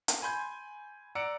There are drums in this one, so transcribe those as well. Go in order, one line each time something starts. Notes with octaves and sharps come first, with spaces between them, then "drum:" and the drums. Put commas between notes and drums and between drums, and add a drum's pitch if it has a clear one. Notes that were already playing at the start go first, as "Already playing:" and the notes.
drum: hi-hat
G#5 B5 C6 G6 G#6
D5 F#5 A#5 E6 C#7 D7